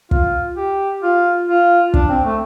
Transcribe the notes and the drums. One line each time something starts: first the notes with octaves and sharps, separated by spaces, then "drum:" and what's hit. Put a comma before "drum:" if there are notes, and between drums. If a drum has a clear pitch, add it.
F4, drum: kick
G4
F4
F4
D4, drum: kick
C4
A3